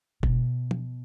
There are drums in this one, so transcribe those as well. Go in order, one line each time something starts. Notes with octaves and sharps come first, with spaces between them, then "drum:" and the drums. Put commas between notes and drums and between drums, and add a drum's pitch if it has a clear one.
B2, drum: kick F1
drum: tom